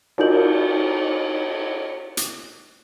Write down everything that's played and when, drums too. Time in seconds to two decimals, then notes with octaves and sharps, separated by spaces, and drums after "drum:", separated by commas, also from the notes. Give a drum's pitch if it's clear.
0.18 D#4 F4 F#4 A#4 G6 F#7, drum: cymbal
2.17 drum: hi-hat